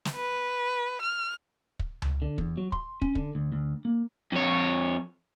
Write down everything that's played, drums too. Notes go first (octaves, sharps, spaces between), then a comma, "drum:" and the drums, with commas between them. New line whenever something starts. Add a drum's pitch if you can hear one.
drum: snare
B4
F6
drum: kick
drum: tom C#2
D3
E2, drum: kick
F#3
C6, drum: kick
C#4, drum: kick
D3, drum: kick
D2
D2
A#3
F2 C#5